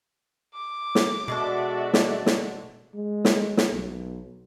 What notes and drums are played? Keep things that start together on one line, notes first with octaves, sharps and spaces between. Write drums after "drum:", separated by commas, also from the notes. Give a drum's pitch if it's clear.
D6
drum: snare
B2 G#3 D4 F#4 A4 D5 E5
drum: snare
drum: snare
G#3
drum: snare
drum: snare
B1